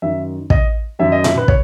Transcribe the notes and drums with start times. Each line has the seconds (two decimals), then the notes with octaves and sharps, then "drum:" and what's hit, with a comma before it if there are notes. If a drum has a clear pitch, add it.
0.02 F#2 D#3 E5
0.50 D#5, drum: kick
0.99 F#2 D#3 E5
1.12 D#5
1.24 E5, drum: tom A#2
1.38 B4
1.48 C#5, drum: kick